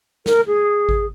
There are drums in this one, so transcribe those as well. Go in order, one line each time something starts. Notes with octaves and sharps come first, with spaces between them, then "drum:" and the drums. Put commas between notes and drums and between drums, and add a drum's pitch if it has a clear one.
A#4, drum: snare
G#4
drum: kick G#1